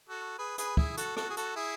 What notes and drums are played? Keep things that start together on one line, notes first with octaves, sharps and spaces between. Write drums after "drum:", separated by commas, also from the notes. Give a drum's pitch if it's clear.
F#4 A4
G#4 B4
G#4 B4, drum: hi-hat
E4 G#4, drum: kick
F#4 A4, drum: hi-hat
F#4 A4, drum: rim click
G#4
F#4 A4, drum: hi-hat
E4 G#4